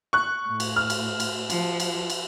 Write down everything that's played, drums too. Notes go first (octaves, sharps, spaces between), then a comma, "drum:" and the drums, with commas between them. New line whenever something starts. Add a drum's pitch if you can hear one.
C#6 F#6
A2
drum: cymbal
F6
drum: cymbal
drum: cymbal
F3, drum: cymbal
drum: cymbal
drum: cymbal